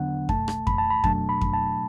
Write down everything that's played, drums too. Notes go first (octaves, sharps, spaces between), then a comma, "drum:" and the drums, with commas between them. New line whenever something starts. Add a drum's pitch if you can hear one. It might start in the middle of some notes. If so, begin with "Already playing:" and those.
Already playing: E2 D3 F#3 B3 D4 F#5
C2 B2 A3 A5, drum: kick F2
drum: rim click
B5, drum: kick F2
A5
B5
B2 F#3 A3 D4 A5, drum: kick F2
B5
drum: kick F2
A5